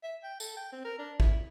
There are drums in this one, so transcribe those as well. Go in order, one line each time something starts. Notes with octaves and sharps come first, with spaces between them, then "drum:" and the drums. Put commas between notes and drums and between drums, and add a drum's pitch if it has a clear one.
E5
G5
A4, drum: tambourine
G5
C4
A#4
D4
E4, drum: kick